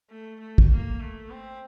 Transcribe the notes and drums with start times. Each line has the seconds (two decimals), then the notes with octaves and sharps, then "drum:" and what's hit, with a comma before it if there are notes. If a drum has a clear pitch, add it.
0.10 A3
0.40 A3
0.58 drum: kick
0.71 A#3
1.00 A3
1.30 C4